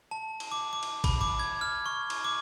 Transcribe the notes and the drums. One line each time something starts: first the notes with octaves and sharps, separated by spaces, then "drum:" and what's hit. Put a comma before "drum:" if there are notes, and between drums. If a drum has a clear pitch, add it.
A5
drum: cymbal
D6
D6
drum: cymbal
B5, drum: kick, cymbal
D6
G#6
F6
C#6
drum: cymbal
D6